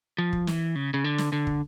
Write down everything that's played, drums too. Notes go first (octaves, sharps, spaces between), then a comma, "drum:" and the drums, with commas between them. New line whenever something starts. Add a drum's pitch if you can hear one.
F3
drum: kick
E3, drum: snare
C#3
C#3
D3
drum: snare
D3
drum: kick